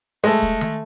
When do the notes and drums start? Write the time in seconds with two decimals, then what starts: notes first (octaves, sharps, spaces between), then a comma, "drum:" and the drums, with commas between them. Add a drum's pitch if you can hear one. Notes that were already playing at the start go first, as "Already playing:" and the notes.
0.24 G#3 A3 A4
0.42 drum: kick
0.61 drum: tom D#3